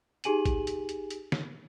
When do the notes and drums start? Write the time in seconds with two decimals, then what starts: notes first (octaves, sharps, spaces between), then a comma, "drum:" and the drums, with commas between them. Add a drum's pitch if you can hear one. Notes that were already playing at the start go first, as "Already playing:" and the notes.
0.24 D#4 G4 G#4 G#5 D#7 F#7, drum: hi-hat
0.45 drum: kick, hi-hat
0.67 drum: hi-hat
0.89 drum: hi-hat
1.11 drum: hi-hat
1.32 drum: snare